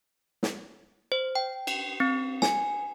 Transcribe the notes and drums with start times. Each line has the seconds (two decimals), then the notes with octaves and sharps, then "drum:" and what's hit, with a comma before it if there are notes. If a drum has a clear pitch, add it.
0.43 drum: snare
1.12 C5
1.35 G5
1.67 drum: cymbal
2.00 C4
2.42 G#5, drum: snare